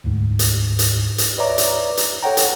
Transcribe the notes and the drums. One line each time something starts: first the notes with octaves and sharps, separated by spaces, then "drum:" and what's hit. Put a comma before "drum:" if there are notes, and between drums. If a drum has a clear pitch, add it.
D2 G#2
drum: hi-hat
drum: hi-hat
drum: hi-hat
B4 C#5 D5 E5 A#5 D6
drum: hi-hat
drum: hi-hat
A4 C#5 F#5 G5 A#5
drum: hi-hat